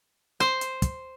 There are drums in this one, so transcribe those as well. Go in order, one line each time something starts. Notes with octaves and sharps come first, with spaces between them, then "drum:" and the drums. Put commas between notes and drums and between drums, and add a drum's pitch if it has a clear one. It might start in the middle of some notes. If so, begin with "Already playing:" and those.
C5, drum: snare
drum: hi-hat
drum: kick, hi-hat